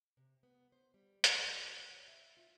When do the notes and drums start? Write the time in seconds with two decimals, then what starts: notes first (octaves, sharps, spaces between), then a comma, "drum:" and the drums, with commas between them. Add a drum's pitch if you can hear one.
0.17 C3
0.43 B3
0.72 C5
0.94 G3
1.24 A2, drum: hi-hat
1.56 F#4
1.91 C#5
2.08 E5
2.37 F4